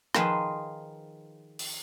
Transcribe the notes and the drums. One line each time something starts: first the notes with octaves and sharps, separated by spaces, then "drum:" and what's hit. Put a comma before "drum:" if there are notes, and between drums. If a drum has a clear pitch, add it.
D#3 F3 F4 G#4 B4 C5, drum: rim click
drum: open hi-hat